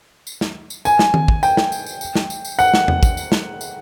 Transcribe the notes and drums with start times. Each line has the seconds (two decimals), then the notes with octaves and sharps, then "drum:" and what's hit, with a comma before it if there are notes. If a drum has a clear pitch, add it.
0.27 drum: tambourine
0.41 drum: snare
0.70 drum: tambourine
0.85 G#5, drum: tambourine
0.99 drum: snare
1.14 drum: tom D#3
1.28 drum: kick
1.43 G5, drum: tambourine
1.57 drum: snare
1.72 drum: tambourine
1.86 drum: tambourine
2.01 drum: tambourine
2.16 drum: snare
2.30 drum: tambourine
2.45 drum: tambourine
2.59 F#5, drum: tambourine
2.74 drum: snare
2.88 drum: tom E2
3.03 drum: kick, tambourine
3.17 drum: tambourine
3.32 drum: snare
3.61 drum: tambourine